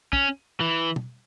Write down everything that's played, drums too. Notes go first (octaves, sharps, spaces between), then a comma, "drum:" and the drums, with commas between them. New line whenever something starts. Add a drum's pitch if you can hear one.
C#4, drum: kick
E3
drum: tom